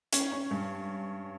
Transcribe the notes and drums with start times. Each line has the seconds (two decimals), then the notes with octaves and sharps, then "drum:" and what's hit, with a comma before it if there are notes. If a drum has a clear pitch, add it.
0.13 C#4, drum: hi-hat
0.32 C#4
0.51 G2